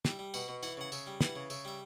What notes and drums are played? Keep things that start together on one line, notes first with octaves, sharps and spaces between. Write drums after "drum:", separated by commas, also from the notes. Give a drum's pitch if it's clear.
G3 E5, drum: snare
G3
B2 F#5, drum: tambourine
B2
E3 F#5, drum: tambourine
C#3 F#5
C#3 E5, drum: tambourine
G3
E3 F#5, drum: snare
C#3
C#3 E5, drum: tambourine
G3 E5